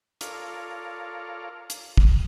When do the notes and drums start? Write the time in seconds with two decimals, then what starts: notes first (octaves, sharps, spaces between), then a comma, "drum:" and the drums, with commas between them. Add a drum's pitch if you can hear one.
0.21 F4 A4 A#4 C#5 D5 F5, drum: hi-hat
1.70 drum: hi-hat
1.97 drum: kick